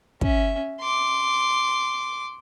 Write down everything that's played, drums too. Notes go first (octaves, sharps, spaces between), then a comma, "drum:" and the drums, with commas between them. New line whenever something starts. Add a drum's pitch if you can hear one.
C#4 E5, drum: kick
C6 D6